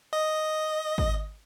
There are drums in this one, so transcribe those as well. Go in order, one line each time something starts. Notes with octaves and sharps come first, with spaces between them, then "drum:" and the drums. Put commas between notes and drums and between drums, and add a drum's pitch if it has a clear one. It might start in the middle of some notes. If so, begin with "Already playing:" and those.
D#5
drum: kick G#1